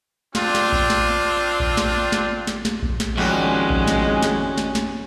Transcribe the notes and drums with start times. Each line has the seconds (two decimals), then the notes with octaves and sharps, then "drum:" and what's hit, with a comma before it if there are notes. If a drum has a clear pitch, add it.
0.35 C4 D4 F4, drum: snare
0.55 drum: snare
0.72 drum: kick A#1
0.90 drum: snare
1.60 drum: kick A#1
1.77 drum: snare
2.12 drum: snare
2.47 drum: snare
2.65 drum: snare
2.82 drum: kick A#1
3.00 drum: snare
3.17 F2 D#3 G3 G#3 C#4 F#4
3.70 drum: kick A#1
3.87 drum: snare
4.23 drum: snare
4.58 drum: snare
4.75 drum: snare